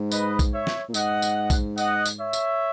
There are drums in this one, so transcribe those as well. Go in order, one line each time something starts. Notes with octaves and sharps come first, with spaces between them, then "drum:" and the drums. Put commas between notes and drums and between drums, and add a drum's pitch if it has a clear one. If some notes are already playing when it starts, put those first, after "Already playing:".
Already playing: G#2
B4 D#5, drum: tambourine
drum: kick, tambourine
C#5 E5
drum: snare
A#2
G#2 D#5 F#5, drum: tambourine
drum: tambourine
drum: kick, tambourine
D#5 F#5, drum: tambourine
drum: tambourine
C#5 E5
drum: tambourine